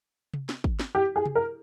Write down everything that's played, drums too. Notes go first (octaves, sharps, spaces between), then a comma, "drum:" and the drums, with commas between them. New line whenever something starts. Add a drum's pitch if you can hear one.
drum: tom C3
drum: snare
drum: kick
drum: snare
G4
G#4
drum: tom C3
A#4